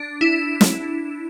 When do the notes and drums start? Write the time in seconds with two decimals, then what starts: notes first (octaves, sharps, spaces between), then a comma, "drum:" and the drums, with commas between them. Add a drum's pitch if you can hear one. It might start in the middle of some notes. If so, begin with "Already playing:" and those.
Already playing: D4
0.21 E4
0.61 drum: snare